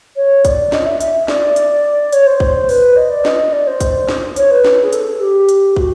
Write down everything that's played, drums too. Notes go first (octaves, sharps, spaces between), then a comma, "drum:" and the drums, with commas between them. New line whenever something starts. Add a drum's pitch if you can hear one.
C#5
D5, drum: kick, hi-hat
D#5, drum: snare
E5
E5, drum: hi-hat
D5, drum: snare
drum: hi-hat
C#5, drum: hi-hat
C5
C5, drum: kick
B4, drum: open hi-hat
D#5
D5
D#5, drum: snare
D5
C5
drum: kick, hi-hat
drum: snare
C#5, drum: hi-hat
B4
drum: snare
G#4
A4, drum: hi-hat
G4
drum: hi-hat
F#4, drum: kick